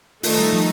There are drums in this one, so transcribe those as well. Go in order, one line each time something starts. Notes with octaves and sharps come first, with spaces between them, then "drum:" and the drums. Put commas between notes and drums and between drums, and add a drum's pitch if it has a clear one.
D#3 A3 D#4 F4 A4, drum: open hi-hat
G3
F3